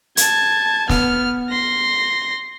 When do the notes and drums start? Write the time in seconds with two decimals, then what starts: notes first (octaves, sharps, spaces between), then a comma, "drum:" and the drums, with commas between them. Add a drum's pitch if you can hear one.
0.17 A5 G#6, drum: hi-hat
0.89 B3 F6, drum: snare
1.50 C6 A#6